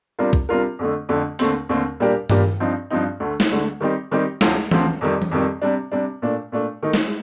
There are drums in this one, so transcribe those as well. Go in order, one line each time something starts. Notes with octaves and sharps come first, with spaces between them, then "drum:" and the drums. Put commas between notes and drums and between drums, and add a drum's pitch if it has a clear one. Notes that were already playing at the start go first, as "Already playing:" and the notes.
C3 G3 D4 F4 A#4
drum: kick
C3 G3 D4 F4 A#4
F2 D3 A3
F2 D3 A3
D#2 D3 A3 C4, drum: open hi-hat
D#2 D3 A3 C4
A#2 G3 D4 G4 A#4
A#2 G3 D4 G4 A#4, drum: tom G2
G2 F3 C4 D#4
G2 F3 C4 D#4
D2 D3 A3
drum: snare
D2 D3 A3
D#3 G3 C4 D#4 G4
D#3 G3 C4 D#4 G4
D2 C3 F3 C4, drum: snare
D2 C3 F3 C4, drum: tom E3
F2 C3 D#3 G3
drum: tom E3
F2 C3 D#3 G3
C3 G3 D4
C3 G3 D4
A#2 A3 D4
A#2 A3 D4
D#3 A3 D#4
drum: snare